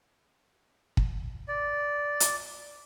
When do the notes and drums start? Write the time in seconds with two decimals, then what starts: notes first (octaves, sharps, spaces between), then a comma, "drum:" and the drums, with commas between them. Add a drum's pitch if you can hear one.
0.97 drum: kick
1.48 D5
2.20 drum: hi-hat